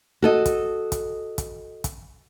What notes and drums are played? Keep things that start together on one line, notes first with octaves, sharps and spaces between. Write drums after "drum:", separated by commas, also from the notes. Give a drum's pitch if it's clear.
F#4 A4 D#5
drum: kick, hi-hat
drum: kick, hi-hat
drum: kick, hi-hat
drum: kick, hi-hat